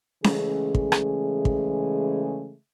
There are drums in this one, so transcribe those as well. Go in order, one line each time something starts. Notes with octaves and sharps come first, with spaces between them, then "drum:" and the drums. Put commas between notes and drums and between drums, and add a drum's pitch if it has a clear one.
C#3 E3 G#3 A3 C#4 G#4, drum: snare C#4
drum: kick
drum: rim click
drum: kick